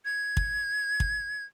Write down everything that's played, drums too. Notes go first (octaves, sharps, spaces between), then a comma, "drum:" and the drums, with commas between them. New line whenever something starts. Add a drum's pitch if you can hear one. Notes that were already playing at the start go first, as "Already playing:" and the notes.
G#6
drum: kick
drum: kick